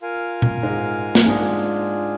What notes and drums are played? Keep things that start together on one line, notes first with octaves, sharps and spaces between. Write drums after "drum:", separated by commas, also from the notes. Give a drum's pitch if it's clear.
F4 A#4 F5 G#5
drum: tom A#2
G#2 G#3
drum: snare
G#2 G#3 D4 F4 G#4